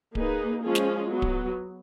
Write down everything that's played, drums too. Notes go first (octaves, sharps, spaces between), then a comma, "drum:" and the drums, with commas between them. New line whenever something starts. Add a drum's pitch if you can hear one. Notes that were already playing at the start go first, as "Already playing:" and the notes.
A#3 D#4 G#4 B4, drum: kick D1
F3 G#3 C#4 F4 G#4
drum: snare
F#3 B3
drum: kick D1